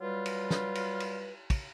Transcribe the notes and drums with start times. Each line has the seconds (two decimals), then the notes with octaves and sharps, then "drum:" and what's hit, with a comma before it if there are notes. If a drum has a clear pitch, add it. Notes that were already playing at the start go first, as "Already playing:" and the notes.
0.01 F#3 G3 F4 B4
0.26 drum: cymbal
0.50 drum: snare
0.75 drum: cymbal
1.00 drum: cymbal
1.50 drum: kick, cymbal